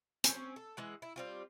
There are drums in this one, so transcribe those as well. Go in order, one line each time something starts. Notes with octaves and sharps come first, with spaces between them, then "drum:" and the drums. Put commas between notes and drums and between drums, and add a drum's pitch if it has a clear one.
C4 C#4, drum: hi-hat
A4
E3 G#3 F#5
E4
G3 C4 F4